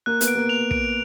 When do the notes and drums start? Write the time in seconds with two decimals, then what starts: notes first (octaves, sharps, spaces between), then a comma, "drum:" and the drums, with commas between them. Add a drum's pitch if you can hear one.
0.06 A#3 F#6
0.21 B3, drum: hi-hat
0.28 D7
0.35 A#3
0.49 F7
0.71 D7, drum: kick